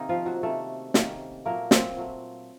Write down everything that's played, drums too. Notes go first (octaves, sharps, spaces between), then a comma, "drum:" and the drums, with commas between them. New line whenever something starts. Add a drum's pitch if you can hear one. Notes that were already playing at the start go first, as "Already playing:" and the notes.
Already playing: C3 D#3 A#3 C#4 D#4
F3 F4
F#3 F#4
C3 D#3 A3 A#3 C#4 A4
C3 D#3 A#3 C#4, drum: snare
A#2 F#3 A3 A#3 A#4
C4 C5, drum: snare
A#2 F#3 A3